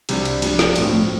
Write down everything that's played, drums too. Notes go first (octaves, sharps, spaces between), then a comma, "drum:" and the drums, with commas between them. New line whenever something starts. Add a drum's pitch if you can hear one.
C2 C3 G3 D4, drum: cymbal
drum: cymbal
G2 F3 D4, drum: cymbal
drum: snare
A2 F3 C4, drum: cymbal
drum: tom